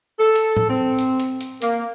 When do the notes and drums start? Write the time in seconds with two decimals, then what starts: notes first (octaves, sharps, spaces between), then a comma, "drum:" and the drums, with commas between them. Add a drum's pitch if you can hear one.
0.19 A4
0.36 drum: hi-hat
0.57 drum: tom A2
0.70 C4
0.99 drum: hi-hat
1.20 drum: hi-hat
1.41 drum: hi-hat
1.62 A#3, drum: hi-hat